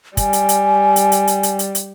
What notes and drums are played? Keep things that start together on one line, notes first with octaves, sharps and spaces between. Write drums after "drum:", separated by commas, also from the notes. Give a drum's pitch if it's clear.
G3 G#5, drum: kick, hi-hat
drum: hi-hat
drum: hi-hat
drum: hi-hat
drum: hi-hat
drum: hi-hat
drum: hi-hat
drum: hi-hat
drum: hi-hat